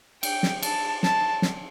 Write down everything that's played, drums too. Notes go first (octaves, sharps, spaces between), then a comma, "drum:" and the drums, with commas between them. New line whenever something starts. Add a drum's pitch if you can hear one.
G5, drum: cymbal
drum: snare
A5, drum: cymbal
A5, drum: snare
drum: snare